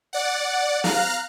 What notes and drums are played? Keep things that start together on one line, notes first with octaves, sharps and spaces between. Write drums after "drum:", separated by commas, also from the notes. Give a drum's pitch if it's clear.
D5 F#5
F5 A#5 F6 F#6, drum: snare